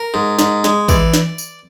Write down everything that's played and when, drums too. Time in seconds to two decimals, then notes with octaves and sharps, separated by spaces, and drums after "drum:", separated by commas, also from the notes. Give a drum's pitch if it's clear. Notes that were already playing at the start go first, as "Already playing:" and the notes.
Already playing: A#4
0.14 G#2
0.39 G#2, drum: snare
0.64 G#3, drum: snare
0.89 E3 D5, drum: kick, tambourine
1.14 drum: snare
1.38 drum: tambourine